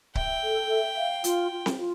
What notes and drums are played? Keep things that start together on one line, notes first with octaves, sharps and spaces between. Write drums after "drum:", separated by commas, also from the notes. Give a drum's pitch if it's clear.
E5 G5, drum: kick C#1
A4
E5
F5
F4, drum: hi-hat
F4
drum: snare C4
F4